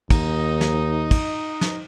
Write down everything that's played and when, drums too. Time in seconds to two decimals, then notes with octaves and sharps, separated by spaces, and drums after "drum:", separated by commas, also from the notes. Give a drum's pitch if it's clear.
0.10 D#2 D#4, drum: kick, cymbal
0.61 drum: snare
1.11 drum: kick, cymbal
1.61 drum: snare